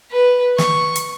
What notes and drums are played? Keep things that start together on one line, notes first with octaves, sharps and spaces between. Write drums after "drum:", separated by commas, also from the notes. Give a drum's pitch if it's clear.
B4
C#6, drum: snare
drum: hi-hat